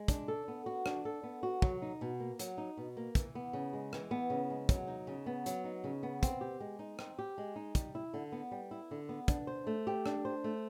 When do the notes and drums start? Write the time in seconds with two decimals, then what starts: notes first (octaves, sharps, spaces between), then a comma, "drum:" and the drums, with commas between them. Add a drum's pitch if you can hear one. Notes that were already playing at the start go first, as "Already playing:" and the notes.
Already playing: G#3
0.08 D4, drum: kick, hi-hat
0.28 A4
0.48 B3
0.66 F#4
0.86 D4, drum: rim click
1.05 A4
1.23 B3
1.43 F#4
1.62 F#3, drum: kick
1.82 D#4
2.01 B2
2.20 A#3
2.39 F#3, drum: hi-hat
2.58 D#4
2.77 B2
2.97 A#3
3.15 E3, drum: kick, hi-hat
3.35 B3
3.53 C#3
3.73 G#3
3.93 E3, drum: rim click
4.11 B3
4.30 C#3
4.50 G#3
4.69 F#3, drum: kick, hi-hat
4.87 D#4
5.07 C#3
5.26 B3
5.46 F#3, drum: hi-hat
5.64 D#4
5.84 C#3
6.03 B3
6.23 C4, drum: kick, hi-hat
6.41 G4
6.61 G#3
6.79 D#4
6.99 C4, drum: rim click
7.19 G4
7.38 G#3
7.56 D#4
7.75 G3, drum: kick, hi-hat
7.95 E4
8.14 D3
8.32 B3
8.51 G3
8.71 E4
8.91 D3
9.09 B3
9.28 D4, drum: kick, hi-hat
9.47 C5
9.67 A3
9.87 G4
10.06 D4, drum: rim click
10.25 C5
10.44 A3